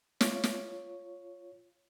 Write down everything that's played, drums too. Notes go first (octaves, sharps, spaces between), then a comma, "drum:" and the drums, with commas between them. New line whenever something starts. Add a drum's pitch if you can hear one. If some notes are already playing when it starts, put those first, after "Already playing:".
F4 C#5, drum: snare
drum: snare